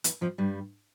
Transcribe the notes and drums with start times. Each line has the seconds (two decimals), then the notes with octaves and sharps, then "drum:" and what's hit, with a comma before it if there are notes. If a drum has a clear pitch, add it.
0.04 E2 E3, drum: hi-hat
0.21 F2 F3
0.38 G2 G3